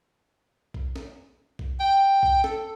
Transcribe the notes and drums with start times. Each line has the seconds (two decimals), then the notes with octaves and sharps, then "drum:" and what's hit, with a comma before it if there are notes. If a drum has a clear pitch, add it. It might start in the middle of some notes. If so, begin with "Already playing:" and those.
0.74 drum: kick B1
0.96 drum: snare
1.59 drum: kick B1
1.80 G5
2.23 drum: kick B1
2.44 A4, drum: snare